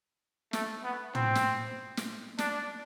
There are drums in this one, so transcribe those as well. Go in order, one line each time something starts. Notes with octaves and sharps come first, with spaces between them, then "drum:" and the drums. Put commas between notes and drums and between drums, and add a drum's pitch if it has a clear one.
A3, drum: snare
B3
C4, drum: tom
drum: snare
drum: snare
D4, drum: snare